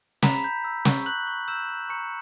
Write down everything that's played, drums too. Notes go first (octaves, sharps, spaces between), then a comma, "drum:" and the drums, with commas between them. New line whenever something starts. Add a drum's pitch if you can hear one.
A#5 B5 B6, drum: snare
G6
E6
C#6, drum: snare
F#6 G6 F#7
C#6
E6 G6 E7
G6
A#5 C#6 C#7